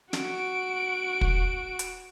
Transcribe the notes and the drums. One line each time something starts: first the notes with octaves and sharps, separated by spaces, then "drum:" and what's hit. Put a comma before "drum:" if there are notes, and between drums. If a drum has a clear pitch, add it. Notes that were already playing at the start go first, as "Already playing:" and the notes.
F#4 D7, drum: snare
drum: kick
drum: hi-hat